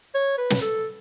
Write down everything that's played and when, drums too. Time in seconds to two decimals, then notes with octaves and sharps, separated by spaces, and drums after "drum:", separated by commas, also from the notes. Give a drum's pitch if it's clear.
0.15 C#5
0.38 B4
0.50 drum: snare
0.62 A4